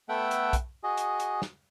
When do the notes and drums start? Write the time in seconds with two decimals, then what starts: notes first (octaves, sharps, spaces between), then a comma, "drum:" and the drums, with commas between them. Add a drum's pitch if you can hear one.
0.09 A3 B3 A4 E5 F#5 G5
0.31 drum: hi-hat
0.53 drum: kick, hi-hat
0.84 F#4 G#4 D#5
0.97 drum: hi-hat
1.20 drum: hi-hat
1.42 drum: snare